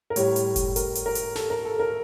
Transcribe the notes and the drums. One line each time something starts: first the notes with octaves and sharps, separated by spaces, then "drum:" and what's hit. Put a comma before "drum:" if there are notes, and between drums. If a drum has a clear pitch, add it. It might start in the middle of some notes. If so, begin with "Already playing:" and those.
A#4
A2 G3 C#5, drum: hi-hat
drum: hi-hat
drum: kick F#1, hi-hat
A#4, drum: hi-hat
drum: hi-hat
A#4
drum: hi-hat
A4, drum: snare
A#4
A4
A#4